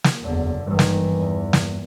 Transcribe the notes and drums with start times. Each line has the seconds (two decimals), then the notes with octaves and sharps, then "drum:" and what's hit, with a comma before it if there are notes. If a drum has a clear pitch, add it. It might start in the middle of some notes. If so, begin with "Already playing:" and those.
0.04 drum: snare
0.22 F#1 E2 D3
0.67 G#1 G2 D#3 E3
0.79 drum: snare
1.16 E2
1.53 drum: snare